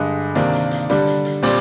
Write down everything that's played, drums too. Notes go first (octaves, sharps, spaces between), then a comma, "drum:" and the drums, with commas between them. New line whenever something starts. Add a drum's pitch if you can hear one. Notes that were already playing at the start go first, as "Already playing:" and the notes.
Already playing: G2 D3 G#3 D#5
C3 D#3 A#3 D4, drum: hi-hat
drum: hi-hat
drum: hi-hat
D3 G3 D4, drum: hi-hat
drum: hi-hat
drum: hi-hat
A#2 G3 C4 D5, drum: open hi-hat